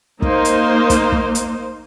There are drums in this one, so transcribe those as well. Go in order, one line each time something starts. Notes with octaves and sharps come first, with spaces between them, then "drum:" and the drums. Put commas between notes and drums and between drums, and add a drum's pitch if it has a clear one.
A#3 D#4 C5, drum: kick
drum: hi-hat
drum: kick, hi-hat
drum: kick
drum: hi-hat